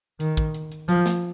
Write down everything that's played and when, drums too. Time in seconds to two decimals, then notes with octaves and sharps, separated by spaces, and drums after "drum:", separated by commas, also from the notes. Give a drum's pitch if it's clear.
0.20 D#3, drum: hi-hat
0.37 drum: kick, hi-hat
0.54 drum: hi-hat
0.72 drum: hi-hat
0.88 F3, drum: hi-hat
1.06 drum: snare